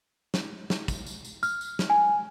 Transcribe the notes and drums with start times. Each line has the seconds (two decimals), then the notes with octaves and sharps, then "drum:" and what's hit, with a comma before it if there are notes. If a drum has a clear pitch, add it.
0.34 drum: snare
0.70 drum: snare
0.88 drum: kick, tambourine
1.06 drum: tambourine
1.25 drum: tambourine
1.43 F6, drum: tambourine
1.61 drum: tambourine
1.79 drum: snare
1.90 G#5